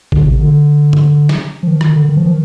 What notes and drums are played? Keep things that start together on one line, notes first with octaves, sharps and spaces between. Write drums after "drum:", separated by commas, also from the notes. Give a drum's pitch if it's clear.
D3, drum: kick A1
C3
D3
drum: tom
drum: snare
F3
D#3
D#3, drum: rim click
D3
D#3
F3
D#3